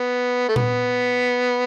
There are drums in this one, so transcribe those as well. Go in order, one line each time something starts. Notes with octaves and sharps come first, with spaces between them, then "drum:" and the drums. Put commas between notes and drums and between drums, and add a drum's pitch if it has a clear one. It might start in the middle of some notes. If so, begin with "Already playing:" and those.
Already playing: B3
A3
B3, drum: tom A#2